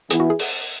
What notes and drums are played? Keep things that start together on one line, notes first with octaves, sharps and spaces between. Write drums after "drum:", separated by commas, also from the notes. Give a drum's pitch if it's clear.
E3 B3 E4 G#4, drum: hi-hat
F#4
G#4
drum: open hi-hat